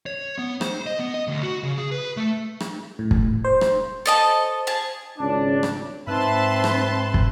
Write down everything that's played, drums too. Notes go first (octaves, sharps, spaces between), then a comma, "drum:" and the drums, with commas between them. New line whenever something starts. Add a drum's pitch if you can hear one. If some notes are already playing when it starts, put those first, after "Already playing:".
C#5
B3
C5, drum: rim click
D#5
B3
D#5
D2
F#4
C#3
G#4
B4
A3
drum: rim click
A2
drum: kick
C5
drum: rim click
A4 D#5 A5
G#4 A5
G#1 C#2 C#4 D4
drum: rim click
G#2 C4 B4 E5 A5 C6
drum: rim click
drum: kick